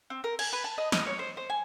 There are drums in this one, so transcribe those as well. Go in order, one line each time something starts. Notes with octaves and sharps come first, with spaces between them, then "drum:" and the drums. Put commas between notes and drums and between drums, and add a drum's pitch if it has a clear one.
C4
A#4
G#5, drum: cymbal
B4
A5
D#5
D#5, drum: snare
C#5
C5
C5
G#5